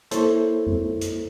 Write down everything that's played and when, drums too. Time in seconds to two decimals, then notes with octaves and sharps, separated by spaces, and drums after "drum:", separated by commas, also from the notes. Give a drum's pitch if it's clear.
0.11 A#3 E4 A4 C5 C#5, drum: hi-hat
0.67 drum: tom F2
1.01 drum: hi-hat